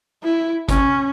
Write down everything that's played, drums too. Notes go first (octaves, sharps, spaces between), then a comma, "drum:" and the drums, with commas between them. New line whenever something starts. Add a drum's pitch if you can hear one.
E4
C#4, drum: kick, hi-hat